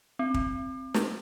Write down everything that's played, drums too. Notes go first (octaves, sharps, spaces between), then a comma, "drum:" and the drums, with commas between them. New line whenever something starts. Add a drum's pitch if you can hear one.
C4
drum: kick
drum: snare